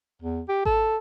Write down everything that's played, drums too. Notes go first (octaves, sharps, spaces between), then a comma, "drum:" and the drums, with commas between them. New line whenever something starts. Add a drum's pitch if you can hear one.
E2
G4
A4, drum: kick G#1